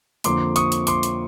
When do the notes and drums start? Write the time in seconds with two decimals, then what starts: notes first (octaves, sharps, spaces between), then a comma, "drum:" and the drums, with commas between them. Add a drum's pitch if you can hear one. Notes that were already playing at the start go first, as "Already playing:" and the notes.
0.24 F2 D3 F3 A#3 C6 D6, drum: hi-hat
0.56 C#6 D#6, drum: hi-hat
0.72 drum: hi-hat
0.87 C6 D6, drum: hi-hat
1.03 drum: hi-hat